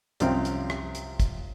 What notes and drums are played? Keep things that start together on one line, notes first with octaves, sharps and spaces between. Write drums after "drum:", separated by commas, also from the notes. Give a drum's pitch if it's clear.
C2 F#2 F3 C4 F5 G5, drum: hi-hat
drum: hi-hat
drum: rim click
drum: hi-hat
drum: kick, hi-hat